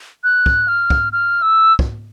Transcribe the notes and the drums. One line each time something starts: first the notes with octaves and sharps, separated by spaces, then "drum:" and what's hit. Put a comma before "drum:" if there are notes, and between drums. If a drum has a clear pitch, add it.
F#6
drum: kick
F6
drum: kick
F6
E6
drum: kick